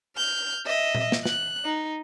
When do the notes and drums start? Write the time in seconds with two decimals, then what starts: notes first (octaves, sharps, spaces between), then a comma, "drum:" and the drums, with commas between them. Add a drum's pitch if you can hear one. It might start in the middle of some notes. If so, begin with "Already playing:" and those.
0.16 F6 G6
0.66 D#5 E5
0.95 drum: tom A#2
1.12 drum: snare
1.26 F#6, drum: snare
1.65 D#4